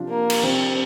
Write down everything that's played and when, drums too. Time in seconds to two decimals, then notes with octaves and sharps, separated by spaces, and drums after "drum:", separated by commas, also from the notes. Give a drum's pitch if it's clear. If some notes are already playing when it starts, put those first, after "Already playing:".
Already playing: C3 F3 D4 F4
0.09 A#3
0.30 drum: cymbal
0.43 C3 F3 C4 D4 F4